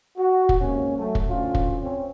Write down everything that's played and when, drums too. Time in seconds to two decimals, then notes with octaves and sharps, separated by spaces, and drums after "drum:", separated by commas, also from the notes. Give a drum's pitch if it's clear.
0.17 F#4
0.49 drum: kick
0.59 G#2 C3 A#3 C#4
0.96 F#3 A3
1.15 drum: kick
1.28 D2 C#4 F4
1.55 drum: kick
1.81 C4 C#4